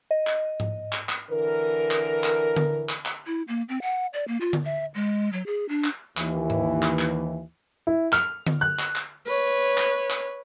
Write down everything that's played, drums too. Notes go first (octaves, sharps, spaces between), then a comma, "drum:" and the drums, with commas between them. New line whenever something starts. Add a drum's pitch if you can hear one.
D#5
drum: clap
drum: tom G#2
drum: clap
drum: clap
D3 E3 A#4
drum: clap
drum: clap
drum: tom D3
drum: clap
drum: clap
E4
A#3
C4
F#5
D5
A#3
F4
drum: tom D3
E5
G#3
F#3
G#4
D4
drum: clap
D#2 E3, drum: clap
drum: tom G#2
drum: clap
drum: clap
E4
F6, drum: clap
drum: tom D3
F#6
drum: clap
drum: clap
B4 C#5
drum: clap
drum: clap